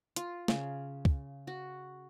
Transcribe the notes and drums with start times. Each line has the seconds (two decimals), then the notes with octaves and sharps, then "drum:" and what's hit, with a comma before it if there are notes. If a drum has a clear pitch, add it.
0.16 F4, drum: hi-hat
0.48 C#3, drum: snare
1.05 drum: kick
1.47 F#4